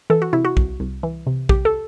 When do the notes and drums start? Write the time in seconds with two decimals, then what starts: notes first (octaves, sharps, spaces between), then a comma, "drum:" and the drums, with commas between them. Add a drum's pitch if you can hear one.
0.10 E3 A4
0.22 F#4
0.33 C3 E4
0.45 F#4
0.57 C2, drum: kick
0.80 C2
1.03 E3
1.27 C3
1.49 C2 G4, drum: kick
1.65 A4